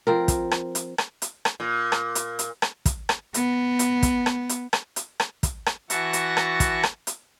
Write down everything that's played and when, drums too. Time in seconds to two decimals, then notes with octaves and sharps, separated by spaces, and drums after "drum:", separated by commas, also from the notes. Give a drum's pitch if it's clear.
0.07 F3 C4 A#4
0.28 drum: kick, hi-hat
0.51 drum: rim click
0.75 drum: hi-hat
0.98 drum: rim click
1.22 drum: hi-hat
1.45 drum: rim click
1.60 A#2
1.92 drum: rim click
2.15 drum: hi-hat
2.39 drum: hi-hat
2.62 drum: rim click
2.86 drum: kick, hi-hat
3.09 drum: rim click
3.34 B3, drum: hi-hat
3.79 drum: hi-hat
4.03 drum: kick, hi-hat
4.26 drum: rim click
4.49 drum: hi-hat
4.73 drum: rim click
4.96 drum: hi-hat
5.20 drum: rim click
5.43 drum: kick, hi-hat
5.66 drum: rim click
5.90 E3 F#4 E5 A5 C#6 A#6, drum: hi-hat
6.13 drum: hi-hat
6.37 drum: rim click
6.60 drum: kick, hi-hat
6.83 drum: rim click
7.07 drum: hi-hat